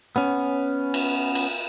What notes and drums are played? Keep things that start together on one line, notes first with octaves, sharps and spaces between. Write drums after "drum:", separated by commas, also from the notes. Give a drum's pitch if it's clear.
B3 C#4
drum: cymbal
drum: cymbal